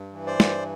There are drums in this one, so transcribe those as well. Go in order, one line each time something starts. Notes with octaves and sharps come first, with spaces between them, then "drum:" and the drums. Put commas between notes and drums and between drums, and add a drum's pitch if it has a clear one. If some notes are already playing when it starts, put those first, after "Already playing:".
Already playing: G2
E3
C5 D5
G2, drum: snare